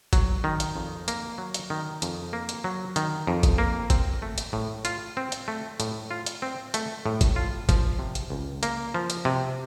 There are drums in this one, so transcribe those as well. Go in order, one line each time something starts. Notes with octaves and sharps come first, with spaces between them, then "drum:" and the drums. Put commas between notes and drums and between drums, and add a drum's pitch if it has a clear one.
F#3, drum: kick, hi-hat
D#3
drum: hi-hat
F2
A#3, drum: hi-hat
F#3
drum: hi-hat
D#3
F2, drum: hi-hat
A#3
drum: hi-hat
F#3
D#3, drum: hi-hat
F2
drum: kick, hi-hat
A#3
C4, drum: kick, hi-hat
A3
drum: hi-hat
A2
F4, drum: hi-hat
C4
drum: hi-hat
A3
A2, drum: hi-hat
F4
drum: hi-hat
C4
A3, drum: hi-hat
A2
drum: kick, hi-hat
F4
F3, drum: kick, hi-hat
C3
drum: hi-hat
C#2
A#3, drum: hi-hat
F3
drum: hi-hat
C3